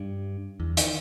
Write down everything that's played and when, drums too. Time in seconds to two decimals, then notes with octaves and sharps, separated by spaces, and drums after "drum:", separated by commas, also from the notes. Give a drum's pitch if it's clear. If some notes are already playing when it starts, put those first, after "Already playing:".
Already playing: G2
0.60 E2
0.77 D#3, drum: hi-hat